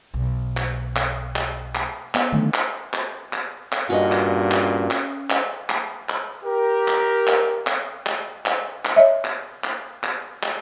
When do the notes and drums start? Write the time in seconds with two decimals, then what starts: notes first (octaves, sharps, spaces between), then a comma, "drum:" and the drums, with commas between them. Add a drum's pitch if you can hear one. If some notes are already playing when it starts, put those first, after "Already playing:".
0.14 B1
0.57 drum: clap
0.96 drum: clap
1.36 drum: clap
1.75 drum: clap
2.15 B3, drum: clap
2.32 D3 D#3 F#3 A3
2.54 drum: clap
2.94 drum: clap
3.33 drum: clap
3.72 drum: clap
3.90 G2 A#2 C#4 F#4 B4 D#5
4.12 drum: clap
4.51 drum: clap
4.91 drum: clap
5.30 drum: clap
5.70 drum: clap
6.09 drum: clap
6.45 G4 A#4
6.88 drum: clap
7.27 drum: clap
7.67 drum: clap
8.06 drum: clap
8.46 drum: clap
8.85 drum: clap
8.96 C#5 D#5 E5
9.25 drum: clap
9.64 drum: clap
10.03 drum: clap
10.43 drum: clap